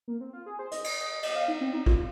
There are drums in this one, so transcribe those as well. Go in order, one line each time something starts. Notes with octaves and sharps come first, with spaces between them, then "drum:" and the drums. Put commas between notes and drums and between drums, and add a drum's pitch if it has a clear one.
A#3
C4
F4
G#4
C5
D#5, drum: hi-hat
D#5, drum: cymbal
D#5
D#5
D#5, drum: cymbal
F5
D#4
C4
D#4
F4, drum: kick